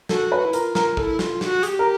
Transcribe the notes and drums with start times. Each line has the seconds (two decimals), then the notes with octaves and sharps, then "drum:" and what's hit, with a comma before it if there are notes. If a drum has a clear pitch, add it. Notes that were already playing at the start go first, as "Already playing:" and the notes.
0.09 F#4 A4, drum: snare
0.32 B4
0.44 E4
0.53 F4 A#4, drum: hi-hat
0.75 A#4, drum: snare
0.97 E4 A4, drum: kick
1.19 F#4, drum: snare
1.24 F4
1.41 G4, drum: snare
1.45 F#4
1.63 G#4, drum: hi-hat
1.66 G4
1.79 A#4